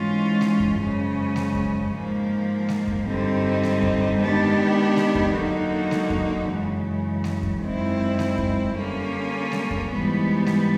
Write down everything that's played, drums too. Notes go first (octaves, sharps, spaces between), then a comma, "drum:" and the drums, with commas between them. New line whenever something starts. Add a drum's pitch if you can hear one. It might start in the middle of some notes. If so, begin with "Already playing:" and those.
Already playing: G#2 E3 G#3 C#4 F4
drum: snare G#3
drum: kick F2
F#2 C#3 F3 G#3 C#4
drum: snare G#3
drum: kick F2
G#2 F3 A#3
drum: snare G#3
drum: kick F2
G2 D3 G3 C4 D#4
drum: snare G#3
drum: kick F2
D#3 G#3 B3 D4 G4
drum: snare G#3
drum: kick F2
D3 F#3 A#3 D#4 F#4
drum: snare G#3
drum: kick F2
F#2 C#3 E3 G#3
drum: snare G#3
drum: kick F2
F#2 D#3 G#3 C4 E4
drum: snare G#3
drum: kick F2
D3 G3 A#3 C#4
drum: snare G#3
drum: kick F2
G#2 E3 G3 B3
drum: snare G#3